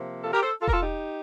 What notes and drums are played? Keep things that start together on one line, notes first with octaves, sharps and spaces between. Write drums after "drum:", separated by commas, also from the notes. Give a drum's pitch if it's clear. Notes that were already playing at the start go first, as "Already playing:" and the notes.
Already playing: C3 F3 A#3
F4 A4
G4 A#4
A4 C5
F4 A4
A#4, drum: kick E1
F4 A4
D#4 G4